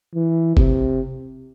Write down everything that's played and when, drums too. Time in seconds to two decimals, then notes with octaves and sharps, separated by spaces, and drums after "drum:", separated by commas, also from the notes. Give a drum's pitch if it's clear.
0.15 E3
0.57 C3, drum: kick F#1